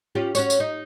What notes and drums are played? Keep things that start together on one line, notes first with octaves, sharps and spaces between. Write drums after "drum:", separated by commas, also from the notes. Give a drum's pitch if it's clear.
C#4 F4 G4
C#4 F#4 C#5, drum: tambourine
drum: tambourine
D#4